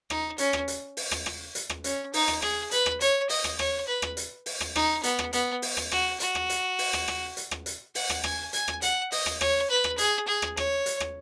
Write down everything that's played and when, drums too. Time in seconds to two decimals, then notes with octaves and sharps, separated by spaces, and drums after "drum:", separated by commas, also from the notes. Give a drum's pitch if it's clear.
0.10 D#4, drum: rim click
0.38 C#4, drum: hi-hat
0.53 drum: rim click
0.68 drum: hi-hat
0.97 drum: open hi-hat
1.11 drum: rim click
1.26 drum: rim click
1.55 drum: hi-hat
1.70 drum: rim click
1.84 C#4, drum: hi-hat
2.13 D#4, drum: open hi-hat
2.28 drum: rim click
2.42 G#4, drum: rim click
2.71 B4, drum: hi-hat
2.86 drum: rim click
3.01 C#5, drum: hi-hat
3.30 D#5, drum: open hi-hat
3.44 drum: rim click
3.59 C#5, drum: rim click
3.87 B4
4.02 drum: rim click
4.17 drum: hi-hat
4.46 drum: open hi-hat
4.60 drum: rim click
4.76 D#4, drum: rim click
5.03 B3, drum: hi-hat
5.19 drum: rim click
5.33 B3, drum: hi-hat
5.62 drum: open hi-hat
5.77 drum: rim click
5.91 F#4, drum: rim click
6.20 F#4, drum: hi-hat
6.35 drum: rim click
6.49 drum: hi-hat
6.79 drum: open hi-hat
6.93 drum: rim click
7.08 drum: rim click
7.37 drum: hi-hat
7.51 drum: rim click
7.66 drum: hi-hat
7.95 F#5, drum: open hi-hat
8.09 drum: rim click
8.24 G#5, drum: rim click
8.53 G#5, drum: hi-hat
8.68 drum: rim click
8.82 F#5, drum: hi-hat
9.12 D#5, drum: open hi-hat
9.26 drum: rim click
9.41 C#5, drum: rim click
9.70 B4
9.84 drum: rim click
9.98 G#4, drum: hi-hat
10.27 G#4
10.42 drum: rim click
10.57 C#5, drum: rim click
10.86 drum: hi-hat
11.00 drum: rim click